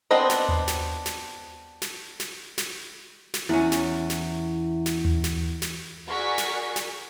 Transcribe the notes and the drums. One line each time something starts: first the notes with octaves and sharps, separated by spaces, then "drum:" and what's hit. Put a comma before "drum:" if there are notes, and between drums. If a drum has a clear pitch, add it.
B3 C4 D4 C5 D#5
drum: snare
drum: tom D#2
drum: snare
drum: snare
drum: snare
drum: snare
drum: snare
drum: snare
E2 C#4 E4
drum: snare
drum: snare
drum: snare
drum: tom D#2
drum: snare
drum: snare
F#4 G#4 A#4 D5 C#6 B6
drum: snare
drum: snare